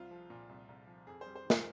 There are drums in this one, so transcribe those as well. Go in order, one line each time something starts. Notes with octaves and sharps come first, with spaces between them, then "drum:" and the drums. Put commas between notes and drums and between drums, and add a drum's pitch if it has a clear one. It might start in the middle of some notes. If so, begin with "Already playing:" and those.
Already playing: C2 C4 F4
F3
A#2
C2
C2
F3
F2 G#4
G3 C5
C5
D#3
A#4, drum: snare